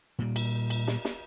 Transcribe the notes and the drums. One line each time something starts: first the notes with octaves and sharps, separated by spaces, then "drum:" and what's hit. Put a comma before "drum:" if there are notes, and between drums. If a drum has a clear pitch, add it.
A#2 G3
drum: cymbal
drum: cymbal
drum: snare
drum: snare